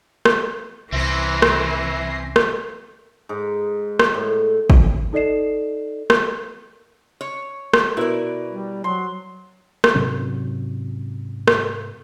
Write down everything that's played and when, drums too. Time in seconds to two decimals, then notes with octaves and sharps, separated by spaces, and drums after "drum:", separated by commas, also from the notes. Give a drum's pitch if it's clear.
0.25 drum: rim click
0.92 C2 E3 C4 C#4 E5 A#6 C7
1.42 drum: rim click
2.36 drum: rim click
3.29 G#2
3.99 drum: rim click
4.14 A2
4.70 drum: kick
5.13 D#4 A4 D5 D#5 C7 E7
6.10 drum: rim click
7.21 C#5
7.74 drum: rim click
7.97 B2 E4 A#4 B4 D5
8.50 G3
8.84 F#3 C6
9.84 drum: rim click
9.95 G#2 C3 F#3 C#4
11.48 drum: rim click